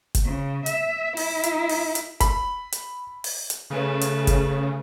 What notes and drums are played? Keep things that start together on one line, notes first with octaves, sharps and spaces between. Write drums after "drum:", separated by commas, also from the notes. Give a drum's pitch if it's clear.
drum: kick F#1, hi-hat
C#3
E5, drum: hi-hat
E4, drum: open hi-hat
drum: hi-hat
drum: open hi-hat
drum: hi-hat
B5, drum: kick F#1, hi-hat
drum: hi-hat
drum: open hi-hat
drum: hi-hat
C#3 A3 B4
drum: hi-hat
drum: kick F#1, hi-hat